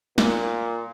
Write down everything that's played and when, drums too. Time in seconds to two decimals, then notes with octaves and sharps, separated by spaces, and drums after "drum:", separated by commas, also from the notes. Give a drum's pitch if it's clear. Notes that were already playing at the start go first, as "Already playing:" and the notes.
0.18 A#2, drum: snare